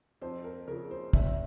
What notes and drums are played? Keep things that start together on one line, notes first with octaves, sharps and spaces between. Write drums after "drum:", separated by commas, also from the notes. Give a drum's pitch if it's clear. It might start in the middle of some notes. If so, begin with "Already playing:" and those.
F2 C5
A#4
C#3 F3 A#4
C5
G#1 E5, drum: kick